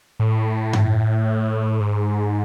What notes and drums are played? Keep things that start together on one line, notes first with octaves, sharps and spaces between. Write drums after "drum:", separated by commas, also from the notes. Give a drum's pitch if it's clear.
A2
drum: tom G2
G#2